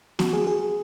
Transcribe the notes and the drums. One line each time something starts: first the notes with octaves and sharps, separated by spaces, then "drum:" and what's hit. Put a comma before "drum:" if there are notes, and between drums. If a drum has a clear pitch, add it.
F#4, drum: snare B3
G#4
G#4